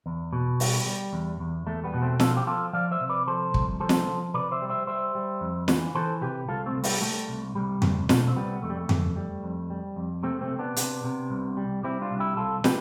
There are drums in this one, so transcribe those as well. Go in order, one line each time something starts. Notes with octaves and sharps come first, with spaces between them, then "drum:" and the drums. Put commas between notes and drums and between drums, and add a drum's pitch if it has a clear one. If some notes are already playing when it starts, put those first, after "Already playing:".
E2
B2
G3, drum: open hi-hat
G3
E2
E2
E2 A3
G3 B3
B2
A3 C4
F3 F4 A4, drum: snare
G4
F3 F4 A4
F3 D5 F5
C5 E5
C3
B4 D5
F3 A4 C5
C2, drum: kick
F3 A4 C5
drum: snare
F3
C3 B4 D5
C5 E5
G3
C5 E5
G3 C5 E5
G3
F2
E3, drum: snare
E3 A4 C5
C3 G4 B4
C2 F4 A4
A3 C4
C2
G3 B3, drum: open hi-hat
G3 A3
C2
C2 G3
C2, drum: tom F2
B2 A3, drum: snare
C4
C2 G3 B3
F2 A3
G3
A3
F2, drum: tom F2
G3
F2
G3
F2
C3 A3 C4
A3 C4
C3
B3 D4
C3, drum: hi-hat
C3
C2
G3
G3 C4 E4
D4 F4
C2
E4 G4
C2 F4 A4
C3 G4 B4, drum: snare